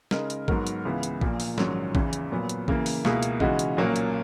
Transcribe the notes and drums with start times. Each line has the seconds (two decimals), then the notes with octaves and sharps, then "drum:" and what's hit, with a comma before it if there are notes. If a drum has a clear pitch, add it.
0.11 C#3 G#3 D#4 A#4, drum: snare
0.30 drum: hi-hat
0.48 G#2 F#3 B3 F#4 A#4, drum: kick
0.67 drum: hi-hat
0.85 C#2 C#3 E3 B3
1.03 drum: hi-hat
1.21 A#1 A#2 A#3, drum: kick
1.40 drum: open hi-hat
1.58 A#1 G#2 D#3 F#3 C#4, drum: snare
1.95 E2 C#3 E3, drum: kick
2.13 drum: hi-hat
2.32 A#2 F#3 B3
2.49 drum: hi-hat
2.68 C#3 E3 A#3, drum: kick
2.86 drum: open hi-hat
3.05 C#2 B2 A#3 E4 G#4, drum: snare
3.23 drum: hi-hat
3.40 C#3 E3 G#3 D#4 F#4, drum: kick
3.59 drum: hi-hat
3.77 B1 A#2 F#3 A#3 C#4
3.96 drum: hi-hat